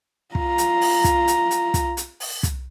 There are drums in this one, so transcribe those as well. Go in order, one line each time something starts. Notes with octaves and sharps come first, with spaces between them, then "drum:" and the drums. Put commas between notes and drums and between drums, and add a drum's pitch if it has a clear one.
F4 A#5, drum: kick
drum: hi-hat
drum: open hi-hat
drum: kick, hi-hat
drum: hi-hat
drum: hi-hat
drum: kick, hi-hat
drum: hi-hat
drum: open hi-hat
drum: kick, hi-hat